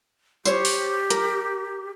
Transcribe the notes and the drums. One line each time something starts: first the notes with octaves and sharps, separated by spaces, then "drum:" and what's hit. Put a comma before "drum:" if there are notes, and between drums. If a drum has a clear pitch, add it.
G4 C5 C#5, drum: tambourine
drum: open hi-hat
A#4, drum: hi-hat